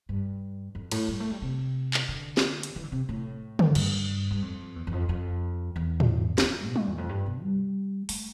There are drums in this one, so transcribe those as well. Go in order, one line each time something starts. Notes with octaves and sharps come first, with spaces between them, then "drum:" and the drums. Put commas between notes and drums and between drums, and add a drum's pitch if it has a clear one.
G2
F2
A2, drum: cymbal
G3
A3
G3
C3
drum: clap
D3
drum: snare
drum: hi-hat
E3
D3
C3
A2
drum: tom
G2, drum: cymbal
G2
F2
E2
E2
F2
F2
E2
drum: tom
E2, drum: snare
F2
B2
A2, drum: tom
E2
F2
G2
B2
G3
A3, drum: open hi-hat